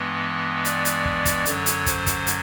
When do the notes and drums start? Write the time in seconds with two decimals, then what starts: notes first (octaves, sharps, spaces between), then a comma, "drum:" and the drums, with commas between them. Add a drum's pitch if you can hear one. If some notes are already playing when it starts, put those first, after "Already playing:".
Already playing: G2 E3 G#3 B3 D#5
0.65 D5, drum: hi-hat
0.85 drum: hi-hat
1.05 drum: kick
1.25 drum: kick, hi-hat
1.45 F#2 D3 F#3 C#5, drum: hi-hat
1.66 drum: hi-hat
1.86 C5, drum: kick, hi-hat
2.06 drum: kick, hi-hat
2.27 drum: hi-hat